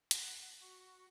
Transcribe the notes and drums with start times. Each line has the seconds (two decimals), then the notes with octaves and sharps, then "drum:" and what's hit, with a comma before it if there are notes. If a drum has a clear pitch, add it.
0.11 F#5, drum: hi-hat
0.61 F#4